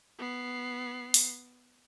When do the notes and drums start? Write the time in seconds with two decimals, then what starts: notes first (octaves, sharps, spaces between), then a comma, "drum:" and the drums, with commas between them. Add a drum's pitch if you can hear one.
0.19 B3 C7
1.14 drum: open hi-hat